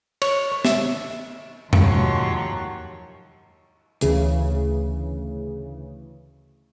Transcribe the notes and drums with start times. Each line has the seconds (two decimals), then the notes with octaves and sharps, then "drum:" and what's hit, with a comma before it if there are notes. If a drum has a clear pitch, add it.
0.22 C#5, drum: cymbal
0.65 E5, drum: snare
1.73 D#2 G#2 F3 F#3 G4 C#5, drum: tom E2
4.01 D2 C#3 E3, drum: hi-hat